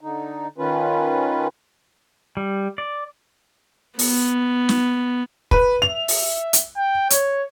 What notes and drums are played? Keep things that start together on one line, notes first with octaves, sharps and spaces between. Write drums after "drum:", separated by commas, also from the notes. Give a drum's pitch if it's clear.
D3 D#4
D#3 C#4 F4 B4
G3
D5
B3, drum: open hi-hat
drum: snare
B4, drum: kick
E5 F7
drum: open hi-hat
drum: hi-hat
G5
C#5, drum: hi-hat